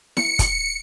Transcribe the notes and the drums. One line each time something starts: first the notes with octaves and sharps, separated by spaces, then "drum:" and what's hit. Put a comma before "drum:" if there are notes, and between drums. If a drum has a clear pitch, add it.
C#7, drum: snare E4
drum: kick, hi-hat